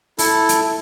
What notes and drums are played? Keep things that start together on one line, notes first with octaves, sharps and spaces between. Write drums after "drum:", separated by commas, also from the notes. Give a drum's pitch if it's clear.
E4 A4, drum: open hi-hat
drum: hi-hat